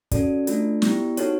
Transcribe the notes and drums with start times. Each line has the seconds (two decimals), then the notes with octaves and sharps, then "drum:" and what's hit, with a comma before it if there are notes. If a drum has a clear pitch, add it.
0.11 C#4 F#4 A4 D5, drum: kick, hi-hat
0.47 A3 D4 F4 A4, drum: hi-hat
0.82 B3 E4 G4, drum: snare
1.17 C4 D#4 F#4 A4 C#5, drum: hi-hat